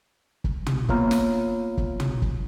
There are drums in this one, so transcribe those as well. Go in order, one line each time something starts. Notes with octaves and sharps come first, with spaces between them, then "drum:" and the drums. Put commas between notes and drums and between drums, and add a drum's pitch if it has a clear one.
drum: kick
drum: tom
A#3 B3 F4 C#5 A#5 F6, drum: kick
drum: snare
drum: kick
drum: tom
drum: kick